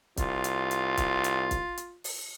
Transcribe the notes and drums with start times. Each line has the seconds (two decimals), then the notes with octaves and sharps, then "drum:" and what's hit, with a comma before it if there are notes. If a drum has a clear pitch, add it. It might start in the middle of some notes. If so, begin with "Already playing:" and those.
0.17 C2 F4, drum: kick, hi-hat
0.44 drum: hi-hat
0.71 drum: hi-hat
0.97 drum: kick, hi-hat
1.24 drum: hi-hat
1.51 drum: kick, hi-hat
1.78 drum: hi-hat
2.04 drum: open hi-hat